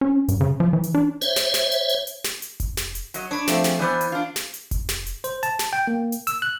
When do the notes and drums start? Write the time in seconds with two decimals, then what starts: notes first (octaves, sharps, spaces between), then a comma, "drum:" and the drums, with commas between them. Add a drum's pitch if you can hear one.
0.01 C#4
0.28 G2, drum: hi-hat
0.41 C#3
0.60 F3
0.73 E3
0.83 drum: hi-hat
0.94 D4
1.21 C5 C#5 E5, drum: hi-hat
1.36 drum: snare
1.54 drum: snare
1.72 drum: hi-hat
1.89 drum: hi-hat
2.07 drum: hi-hat
2.24 drum: snare
2.42 drum: hi-hat
2.60 drum: kick F1, hi-hat
2.77 drum: snare
2.95 drum: hi-hat
3.14 F#3 D#5, drum: hi-hat
3.31 D4 C#5 B5
3.48 F3 A3 C4, drum: snare
3.64 G3 G#4, drum: snare
3.79 E3 B3 D4 C5 D5
4.01 drum: hi-hat
4.12 D4 F4
4.36 drum: snare
4.54 drum: hi-hat
4.71 drum: kick F1, hi-hat
4.89 drum: snare
5.06 drum: hi-hat
5.24 C5, drum: hi-hat
5.43 A5, drum: hi-hat
5.59 drum: snare
5.73 G5
5.87 A#3
6.12 drum: hi-hat
6.27 E6, drum: hi-hat
6.42 F#6